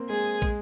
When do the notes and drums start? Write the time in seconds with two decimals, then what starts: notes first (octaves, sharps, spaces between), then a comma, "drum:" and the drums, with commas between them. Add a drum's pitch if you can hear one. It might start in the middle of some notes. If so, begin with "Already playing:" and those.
Already playing: A#3 C4
0.09 G#3 G#4
0.42 G#3, drum: kick